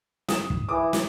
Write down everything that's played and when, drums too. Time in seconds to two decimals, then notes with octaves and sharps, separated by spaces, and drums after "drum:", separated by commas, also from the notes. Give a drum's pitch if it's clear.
0.29 D#6 E7, drum: snare
0.50 drum: kick
0.69 E3 D6 D#6
0.93 drum: snare